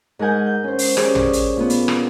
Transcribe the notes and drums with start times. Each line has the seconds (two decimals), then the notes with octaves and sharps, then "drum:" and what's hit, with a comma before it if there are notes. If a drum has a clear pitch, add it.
0.19 G#2 A#4 F#5 G#5 G6
0.46 G6
0.64 C#4 C5
0.79 drum: open hi-hat
0.97 C#4 G4 G#4 D5, drum: rim click
1.15 drum: tom
1.33 drum: hi-hat
1.57 A#2 B3
1.70 drum: hi-hat
1.88 drum: rim click